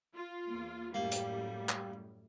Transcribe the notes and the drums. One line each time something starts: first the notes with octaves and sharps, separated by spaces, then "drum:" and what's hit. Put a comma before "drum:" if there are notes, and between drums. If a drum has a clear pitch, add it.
F4
E2 A#3
F#2 A2 G3 A3 A#3 G4
drum: hi-hat
drum: clap